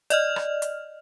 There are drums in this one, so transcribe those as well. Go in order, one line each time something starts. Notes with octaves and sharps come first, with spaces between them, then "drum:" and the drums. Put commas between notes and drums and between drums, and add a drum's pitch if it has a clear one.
D5 D#5 F6, drum: hi-hat
drum: rim click
drum: hi-hat